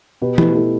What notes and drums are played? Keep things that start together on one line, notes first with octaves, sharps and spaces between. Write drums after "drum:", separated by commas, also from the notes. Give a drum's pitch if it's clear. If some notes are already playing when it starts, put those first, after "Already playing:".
B2 G4 B4
A3 E4 G4, drum: tom
A3 E4 G4